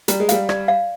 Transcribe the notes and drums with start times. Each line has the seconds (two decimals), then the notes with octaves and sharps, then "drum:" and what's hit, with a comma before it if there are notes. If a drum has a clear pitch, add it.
0.08 G3 A#5, drum: hi-hat
0.20 G#3
0.29 G3 F5, drum: hi-hat
0.49 D5, drum: rim click
0.68 F5